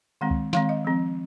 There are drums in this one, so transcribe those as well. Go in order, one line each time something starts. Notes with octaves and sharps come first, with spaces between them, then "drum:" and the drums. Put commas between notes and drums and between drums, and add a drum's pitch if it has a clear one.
D#3 G#3 C4 F#5
drum: kick
D#3 G#3 C4 F5, drum: snare
D#5
F3 C4